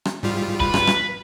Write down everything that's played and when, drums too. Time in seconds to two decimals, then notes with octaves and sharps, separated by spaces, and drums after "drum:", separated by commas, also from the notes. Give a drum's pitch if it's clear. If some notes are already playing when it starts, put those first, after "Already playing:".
0.05 drum: rim click
0.23 G#2 G3 F4
0.60 B4, drum: kick F1
0.74 drum: rim click
0.87 drum: rim click